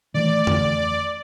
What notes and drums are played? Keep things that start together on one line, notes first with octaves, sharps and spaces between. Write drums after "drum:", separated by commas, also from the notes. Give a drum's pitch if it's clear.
D#3 E3 A3 D5
drum: tom F2